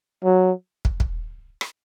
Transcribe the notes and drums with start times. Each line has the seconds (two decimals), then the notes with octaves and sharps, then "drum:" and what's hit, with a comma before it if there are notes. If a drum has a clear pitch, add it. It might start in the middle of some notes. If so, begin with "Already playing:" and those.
0.24 F#3
0.85 drum: kick
1.00 drum: kick
1.61 drum: rim click